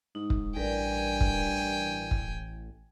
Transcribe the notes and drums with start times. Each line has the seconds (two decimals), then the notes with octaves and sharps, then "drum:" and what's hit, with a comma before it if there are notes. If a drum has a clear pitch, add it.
0.15 G#2 D#4
0.30 drum: kick
0.56 A1 G2 A#4 B4 D5 G5 G#5
1.21 drum: kick
2.11 drum: kick